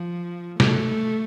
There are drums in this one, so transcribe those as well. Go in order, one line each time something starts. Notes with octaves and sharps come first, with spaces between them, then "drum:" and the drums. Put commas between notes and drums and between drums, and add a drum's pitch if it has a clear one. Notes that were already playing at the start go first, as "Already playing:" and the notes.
Already playing: F3
A3, drum: snare